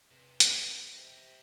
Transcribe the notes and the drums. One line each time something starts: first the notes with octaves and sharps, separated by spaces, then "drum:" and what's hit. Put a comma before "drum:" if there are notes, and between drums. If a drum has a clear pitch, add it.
E2 C3
C4 G5, drum: hi-hat
C3 G4 A#4